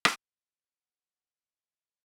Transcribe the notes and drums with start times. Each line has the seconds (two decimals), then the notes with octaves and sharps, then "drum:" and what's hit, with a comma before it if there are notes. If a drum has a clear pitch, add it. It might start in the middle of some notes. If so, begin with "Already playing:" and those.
0.05 drum: rim click
0.17 C5 E6
0.80 F#5
1.49 E5